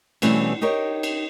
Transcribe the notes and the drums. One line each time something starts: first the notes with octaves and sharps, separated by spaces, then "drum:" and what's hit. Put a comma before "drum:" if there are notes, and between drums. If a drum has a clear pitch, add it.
B2 E3 G3 A3 C4 C#4, drum: cymbal
D#4 G4 A#4 C#5
drum: cymbal